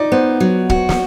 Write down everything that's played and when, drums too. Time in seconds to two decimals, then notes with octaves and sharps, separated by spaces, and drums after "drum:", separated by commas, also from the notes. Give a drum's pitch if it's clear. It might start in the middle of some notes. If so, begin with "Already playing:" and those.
Already playing: D#4 D5 D#5
0.12 B3 C5
0.40 F#3
0.70 F#4, drum: kick
0.89 drum: snare